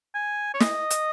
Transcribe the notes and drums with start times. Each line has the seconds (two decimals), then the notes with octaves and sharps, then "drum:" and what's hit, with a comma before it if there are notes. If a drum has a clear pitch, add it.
0.15 G#5
0.54 C#5
0.60 D#5, drum: snare
0.90 drum: hi-hat